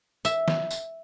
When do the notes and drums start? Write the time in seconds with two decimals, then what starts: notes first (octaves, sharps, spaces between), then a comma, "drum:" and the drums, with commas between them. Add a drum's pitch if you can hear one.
0.25 E5, drum: tambourine
0.48 drum: snare
0.71 drum: tambourine